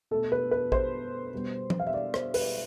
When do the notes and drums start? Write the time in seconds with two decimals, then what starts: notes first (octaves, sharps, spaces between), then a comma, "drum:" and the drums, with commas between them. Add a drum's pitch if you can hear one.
0.11 B2 A3 A4
0.32 B4
0.51 B4
0.72 C5, drum: kick A1
1.33 B2 G3 B3
1.70 drum: tom F3
1.80 F5
1.87 E5
1.94 D5
2.14 C5, drum: rim click
2.34 B4, drum: open hi-hat